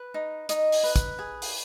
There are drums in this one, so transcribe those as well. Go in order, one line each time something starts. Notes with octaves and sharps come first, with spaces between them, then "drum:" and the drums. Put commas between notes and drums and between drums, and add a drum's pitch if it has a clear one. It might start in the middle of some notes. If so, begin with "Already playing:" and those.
Already playing: B4
D#4
D#4 D#5, drum: hi-hat
drum: open hi-hat
B4
drum: kick, hi-hat
G#4
drum: open hi-hat